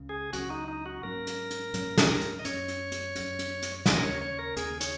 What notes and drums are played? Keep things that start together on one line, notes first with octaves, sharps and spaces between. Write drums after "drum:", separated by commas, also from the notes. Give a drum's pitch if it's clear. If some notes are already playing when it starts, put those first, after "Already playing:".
Already playing: C#2 C#3 C#4
G#4
C#2 C#3 F#3 C#4 F#4, drum: hi-hat
D#4
D#4
F#4
G#2 F#3 A#3 C#4 A#4
drum: hi-hat
drum: hi-hat
G#2 F#3 A#3 C#4, drum: hi-hat
drum: snare
drum: hi-hat
D#5
F#2 F#3 C#4 C#5, drum: hi-hat
drum: hi-hat
drum: hi-hat
F#2 F#3 C#4, drum: hi-hat
drum: hi-hat
drum: hi-hat
D#2 C#3 A#3 C#4 D#5, drum: snare
A#4
C#5
C#5
A#4
D#2 C#3 A#3 C#4 G#4, drum: hi-hat
C#5, drum: hi-hat